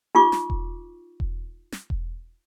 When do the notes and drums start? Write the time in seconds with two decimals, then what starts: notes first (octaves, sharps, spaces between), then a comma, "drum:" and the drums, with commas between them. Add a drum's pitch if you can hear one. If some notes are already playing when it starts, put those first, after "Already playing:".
0.15 D#4 F4 C#6 D6
0.32 drum: snare
0.50 drum: kick E1
1.20 drum: kick E1
1.72 drum: snare
1.90 drum: kick E1